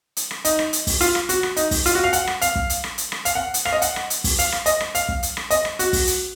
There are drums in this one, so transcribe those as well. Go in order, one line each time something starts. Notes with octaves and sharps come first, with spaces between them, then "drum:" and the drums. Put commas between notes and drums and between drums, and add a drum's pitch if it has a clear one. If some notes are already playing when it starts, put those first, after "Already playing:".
drum: hi-hat
drum: rim click
D#4, drum: hi-hat
drum: rim click
drum: hi-hat
drum: kick, open hi-hat
F4, drum: hi-hat
drum: rim click
F#4, drum: hi-hat
drum: rim click
D#4, drum: hi-hat
drum: kick, open hi-hat
F4, drum: hi-hat
F#4
F5
F#5, drum: hi-hat
drum: rim click
F5, drum: hi-hat
drum: kick
drum: hi-hat
drum: rim click
drum: hi-hat
drum: rim click
F5, drum: hi-hat
F#5
drum: hi-hat
F5, drum: rim click
D#5
F#5, drum: hi-hat
drum: rim click
drum: hi-hat
drum: kick, open hi-hat
F5, drum: hi-hat
drum: rim click
D#5, drum: hi-hat
drum: rim click
F5, drum: hi-hat
drum: kick
drum: hi-hat
drum: rim click
D#5, drum: hi-hat
drum: rim click
F#4, drum: hi-hat
drum: kick, open hi-hat
drum: hi-hat